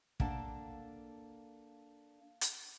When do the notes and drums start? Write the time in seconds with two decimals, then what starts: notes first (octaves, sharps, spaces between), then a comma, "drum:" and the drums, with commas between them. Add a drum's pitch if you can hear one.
0.20 A#3 D4 A4 F#5 A5, drum: kick
2.41 drum: hi-hat